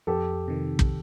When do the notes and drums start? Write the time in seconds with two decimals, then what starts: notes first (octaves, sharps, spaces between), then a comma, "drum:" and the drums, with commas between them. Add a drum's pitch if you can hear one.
0.07 F2 G4 A4
0.48 C3 D#3
0.79 drum: kick